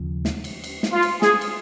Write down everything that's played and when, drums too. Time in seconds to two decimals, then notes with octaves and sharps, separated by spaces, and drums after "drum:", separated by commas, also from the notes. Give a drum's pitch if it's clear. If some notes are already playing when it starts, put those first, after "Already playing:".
Already playing: D#2 C#3 F3
0.25 drum: snare
0.44 drum: cymbal
0.64 drum: cymbal
0.83 drum: snare
0.93 F4
1.02 drum: cymbal
1.22 G#4, drum: snare
1.41 drum: cymbal